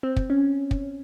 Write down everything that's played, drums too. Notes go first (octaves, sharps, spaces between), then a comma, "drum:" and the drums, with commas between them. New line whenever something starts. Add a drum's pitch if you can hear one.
C4
drum: kick
C#4
drum: kick